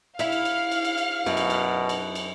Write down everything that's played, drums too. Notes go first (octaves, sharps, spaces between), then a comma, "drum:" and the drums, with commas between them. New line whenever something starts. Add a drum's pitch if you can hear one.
E4 E5 F5 F6, drum: cymbal
drum: cymbal
drum: cymbal
drum: cymbal
drum: cymbal
drum: cymbal
F#2 B2, drum: cymbal
drum: cymbal
drum: cymbal
drum: cymbal
drum: cymbal